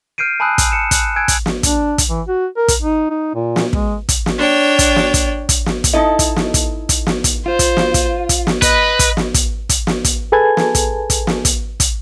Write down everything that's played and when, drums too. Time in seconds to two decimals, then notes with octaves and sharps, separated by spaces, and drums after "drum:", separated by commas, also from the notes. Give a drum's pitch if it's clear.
0.18 F6 G6 C7 D7 D#7
0.40 G#5 A5 B5 D#6 E6 F#6
0.58 drum: kick, hi-hat
0.72 A5 C#7 E7
0.91 F#6, drum: kick, hi-hat
1.16 G#5 E6 F#6 G#6 D7
1.28 drum: kick, hi-hat
1.46 drum: snare
1.63 D4, drum: kick, hi-hat
1.98 drum: kick, hi-hat
2.09 E3
2.28 F#4
2.57 A#4
2.68 drum: kick, hi-hat
2.82 D#4
3.10 D#4
3.34 A#2
3.56 drum: snare
3.73 G#3, drum: kick
4.09 drum: kick, hi-hat
4.26 drum: snare
4.38 D4 C#5 G5
4.79 drum: kick, hi-hat
4.96 drum: snare
5.14 drum: kick, hi-hat
5.49 drum: kick, hi-hat
5.66 drum: snare
5.84 drum: kick, hi-hat
5.93 D#4 E4 A4 D#5
6.19 drum: kick, hi-hat
6.36 drum: snare
6.54 drum: kick, hi-hat
6.89 drum: kick, hi-hat
7.07 drum: snare
7.24 drum: kick, hi-hat
7.46 F4 C5
7.59 drum: kick, hi-hat
7.77 drum: snare
7.94 drum: kick, hi-hat
8.29 drum: kick, hi-hat
8.47 drum: snare
8.62 B4 D#5 B5, drum: kick, hi-hat
8.99 drum: kick, hi-hat
9.17 drum: snare
9.34 drum: kick, hi-hat
9.69 drum: kick, hi-hat
9.87 drum: snare
10.04 drum: kick, hi-hat
10.32 G#4 A4 B4 G#5 A5 G#6
10.57 drum: snare
10.75 drum: kick, hi-hat
11.10 drum: kick, hi-hat
11.27 drum: snare
11.45 drum: kick, hi-hat
11.80 drum: kick, hi-hat